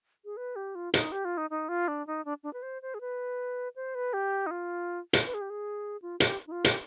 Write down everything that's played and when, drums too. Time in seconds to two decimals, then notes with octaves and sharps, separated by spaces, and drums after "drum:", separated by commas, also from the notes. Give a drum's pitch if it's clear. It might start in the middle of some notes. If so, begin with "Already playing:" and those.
0.25 G#4
0.37 B4
0.56 G4
0.75 F4
0.94 D#4, drum: hi-hat
1.12 G4
1.25 F4
1.37 D#4
1.50 D#4
1.69 F4
1.88 D4
2.07 D#4
2.25 D4
2.44 D4
2.53 B4
2.62 C5
2.82 C5
2.94 G#4
3.01 B4
3.76 C5
3.95 B4
4.13 G4
4.47 D#4
4.51 F4
5.13 drum: hi-hat
5.26 B4
5.34 G#4
5.41 G4
5.50 G#4
6.02 F4
6.20 G4, drum: hi-hat
6.47 D#4
6.52 F4
6.64 G4, drum: hi-hat